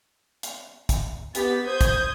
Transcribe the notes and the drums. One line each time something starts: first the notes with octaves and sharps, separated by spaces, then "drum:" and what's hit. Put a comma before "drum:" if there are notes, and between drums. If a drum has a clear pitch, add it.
drum: hi-hat
drum: kick, hi-hat
B3 G4 A6 B6, drum: hi-hat
C5 D#6 G6 G#6
drum: kick, hi-hat